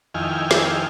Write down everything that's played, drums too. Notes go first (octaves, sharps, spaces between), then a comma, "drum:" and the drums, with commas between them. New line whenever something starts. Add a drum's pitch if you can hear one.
F2 D#3 E4 G5 G#5 F6
drum: snare